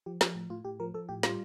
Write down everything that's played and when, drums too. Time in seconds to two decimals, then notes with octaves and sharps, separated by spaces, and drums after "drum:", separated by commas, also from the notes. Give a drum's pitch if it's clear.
0.06 F3 G4
0.21 F3 G4, drum: snare
0.35 A2
0.50 A2 F4
0.65 A2 G4
0.80 F3 A#4
0.94 F3 A4
1.09 A2 G4
1.23 G3 F4, drum: snare